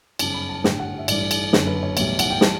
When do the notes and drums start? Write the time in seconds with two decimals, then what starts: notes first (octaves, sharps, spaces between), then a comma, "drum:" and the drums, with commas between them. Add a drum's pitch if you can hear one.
0.19 G1 F#2 C#3 F#3 A5, drum: cymbal
0.34 B5
0.49 A5
0.64 A1 G2 D3 G3 G5, drum: snare
0.80 F#5
0.99 E5
1.08 A1 G2 E3 G3 D5, drum: cymbal
1.31 drum: cymbal
1.53 F#1 F#2 D3 F#3 C#5, drum: snare
1.67 B4
1.83 C#5
1.97 B1 A2 E3 G3 C#5, drum: cymbal
2.19 F#5, drum: cymbal
2.30 G5
2.41 E3 G3 A5, drum: snare